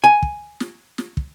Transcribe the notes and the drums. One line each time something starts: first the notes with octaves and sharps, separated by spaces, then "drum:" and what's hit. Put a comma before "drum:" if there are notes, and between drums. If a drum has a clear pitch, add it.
G#5
drum: kick
drum: snare
drum: snare
drum: kick